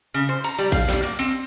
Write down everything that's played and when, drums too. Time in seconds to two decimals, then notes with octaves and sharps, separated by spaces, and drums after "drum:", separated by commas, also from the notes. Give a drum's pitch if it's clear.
0.14 C#3
0.29 C5
0.44 A#5, drum: cymbal
0.59 G3, drum: cymbal
0.72 F5, drum: kick A#1, cymbal
0.88 G3, drum: snare
1.03 A#3, drum: cymbal
1.19 C4, drum: cymbal